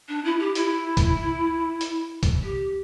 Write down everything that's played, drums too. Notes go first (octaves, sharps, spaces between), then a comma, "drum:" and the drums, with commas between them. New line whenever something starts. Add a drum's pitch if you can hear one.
D4
E4
G4
E4, drum: hi-hat
drum: kick B1, hi-hat
drum: hi-hat
drum: kick B1, hi-hat
G4